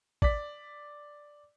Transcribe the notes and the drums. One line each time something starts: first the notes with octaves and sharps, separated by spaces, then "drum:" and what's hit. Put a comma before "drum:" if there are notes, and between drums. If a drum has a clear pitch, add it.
D5 B6, drum: kick